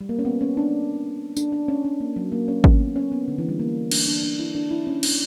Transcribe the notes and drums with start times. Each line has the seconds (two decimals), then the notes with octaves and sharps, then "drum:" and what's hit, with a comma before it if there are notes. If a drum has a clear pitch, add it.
0.01 G3
0.09 A#3
0.19 C#4
0.25 B3
0.41 C#4
0.57 D4
1.37 D4, drum: tambourine
1.52 D4
1.68 C#4
1.85 D4
2.00 A#3
2.16 F#3
2.32 A#3
2.48 C#4
2.64 C#4, drum: kick G#1
2.80 B3
2.96 C#4
3.12 B3
3.28 D3
3.38 E3
3.49 G3
3.59 A#3
3.91 D4, drum: cymbal
4.07 D4
4.23 D4
4.39 E4
4.55 D4
4.71 E4
4.87 C#4
5.03 D4, drum: cymbal